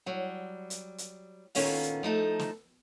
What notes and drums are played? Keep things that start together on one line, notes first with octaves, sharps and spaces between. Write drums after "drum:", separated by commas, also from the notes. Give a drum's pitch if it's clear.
F#3 G3
drum: hi-hat
drum: hi-hat
A#2 D#3 B3 C#4 A4 F5, drum: open hi-hat
drum: hi-hat
F3 A3 D#4 A4
drum: snare